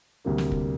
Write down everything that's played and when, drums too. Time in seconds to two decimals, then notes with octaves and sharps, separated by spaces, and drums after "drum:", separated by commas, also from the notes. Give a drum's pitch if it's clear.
0.25 D2 C3 G3 A#3
0.38 drum: snare
0.52 drum: kick